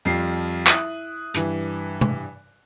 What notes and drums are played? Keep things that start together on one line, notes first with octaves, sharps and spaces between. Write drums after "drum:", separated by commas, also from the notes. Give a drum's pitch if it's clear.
F2 F3 G3 C7
E4 D#6 F#6, drum: clap
G2 E3, drum: hi-hat
drum: tom C3